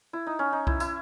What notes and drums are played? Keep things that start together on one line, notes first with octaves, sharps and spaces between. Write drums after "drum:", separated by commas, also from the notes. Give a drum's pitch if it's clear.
E4
D#4
C#4
D#4
E4, drum: kick C2
E4, drum: tambourine